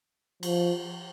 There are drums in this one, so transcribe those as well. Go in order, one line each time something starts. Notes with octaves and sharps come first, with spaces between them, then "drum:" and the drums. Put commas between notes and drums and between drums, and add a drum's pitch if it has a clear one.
F3, drum: cymbal